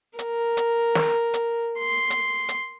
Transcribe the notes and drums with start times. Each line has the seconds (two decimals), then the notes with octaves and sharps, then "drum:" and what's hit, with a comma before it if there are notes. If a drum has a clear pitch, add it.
0.19 A#4, drum: hi-hat
0.57 drum: hi-hat
0.95 drum: snare
1.34 drum: hi-hat
1.79 C6
2.10 drum: hi-hat
2.49 drum: hi-hat